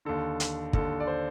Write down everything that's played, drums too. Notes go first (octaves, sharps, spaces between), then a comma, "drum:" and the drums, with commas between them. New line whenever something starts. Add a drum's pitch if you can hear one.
D#2 D3 A4
drum: hi-hat
D#2 D3 A4, drum: kick
D5
C5